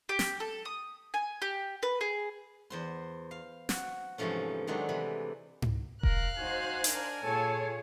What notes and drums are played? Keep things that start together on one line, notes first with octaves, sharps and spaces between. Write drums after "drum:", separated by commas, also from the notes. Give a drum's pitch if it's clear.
G4
drum: snare
A4
D#6
G#5
G4
B4
G#4
E2 C5 C6
F5
F#4, drum: snare
G#2 C3 E3 F3 A3 C#4
D#3 F#3 G#3 A3 C4 D4
C3 E3 B5
drum: tom G#2
A#4 F5 F#6, drum: kick E1
D#4 F#4 C5 G#5
D4 A#4, drum: hi-hat
A#2 F4 G#4 A4 C#5 A5